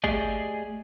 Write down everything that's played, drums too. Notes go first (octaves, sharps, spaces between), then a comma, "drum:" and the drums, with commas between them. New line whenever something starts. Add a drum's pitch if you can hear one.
A3 G4 G#4 D5 D#5, drum: kick